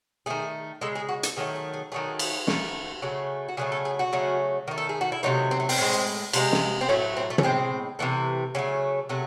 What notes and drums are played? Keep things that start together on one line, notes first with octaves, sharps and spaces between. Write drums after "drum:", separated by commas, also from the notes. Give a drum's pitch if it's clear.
D#3 A3 G#4
C#3 G#3 A4
G#4
F#4
A4, drum: hi-hat
D#3 F#3 A3 G#4
G#4
G#4
D#3 F#3 A3 G#4
drum: cymbal
D#3 A3, drum: snare
C#3 F#3 A3
F#4
C#3 F#3 A3 G#4
A4
G#4
F#4
C#3 F#3 A3
D#3 A3
A4
G#4
F#4
E4
C3 D#3 F#3 A3 D#4
C4
A3
C4, drum: open hi-hat
A2 G#3
C3 E3 G#3, drum: cymbal
drum: snare
C4
A2 F#3 A3 C#4
C4
A3
C#4, drum: tom
A2 G#3 C4
C3 E3 A3
C#3 F#3 A3 C#4
C3 F#3 A3